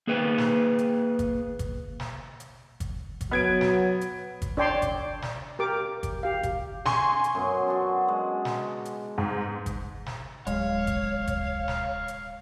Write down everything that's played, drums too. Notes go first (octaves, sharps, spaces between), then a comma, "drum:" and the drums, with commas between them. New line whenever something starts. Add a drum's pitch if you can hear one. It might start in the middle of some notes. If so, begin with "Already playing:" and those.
A#3 G#4 B4 F#5 G5
drum: snare
drum: hi-hat
drum: kick G1, hi-hat
drum: kick G1, hi-hat
drum: snare
drum: hi-hat
drum: kick G1, hi-hat
drum: kick G1, hi-hat
F#3 B3 G#6 D7
drum: snare
drum: hi-hat
drum: kick G1, hi-hat
D4 C#5 D5 G5 A5 C6
drum: kick G1, hi-hat
drum: snare
G4 A#4 D6
drum: kick G1, hi-hat
G4 F5
drum: kick G1, hi-hat
G#5 C6 C#6, drum: snare
drum: hi-hat
F#2 B3 B4
D4 F#4
G#3
drum: snare
drum: hi-hat
G#2
drum: kick G1, hi-hat
drum: snare
D1 G#3 C#5 F5, drum: hi-hat
drum: kick G1, hi-hat
drum: kick G1, hi-hat
drum: snare
drum: hi-hat